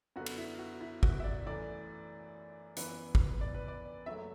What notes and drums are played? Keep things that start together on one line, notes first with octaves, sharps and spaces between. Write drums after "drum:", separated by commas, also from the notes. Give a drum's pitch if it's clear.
F#2 D3 B3 F#4
drum: cymbal
E4
F#4
E4
F#4, drum: kick
E5
D5
F#2 E3 A3 D5
F#2 E3 B3 B4, drum: hi-hat
drum: kick
D5
B4
D5
F#1 F#2 F#3 A3 E5